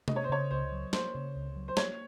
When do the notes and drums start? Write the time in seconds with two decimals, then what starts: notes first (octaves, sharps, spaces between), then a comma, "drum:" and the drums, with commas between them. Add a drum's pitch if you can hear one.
0.08 A#3 D#5, drum: tom C3
0.16 C#5
0.24 C5
0.29 C#3 C#5
0.51 C#2 C5
0.72 F#3
0.93 A#3 C5, drum: snare
1.15 C#3
1.36 C#2
1.56 F#3
1.68 C5
1.77 A#3 C#5, drum: snare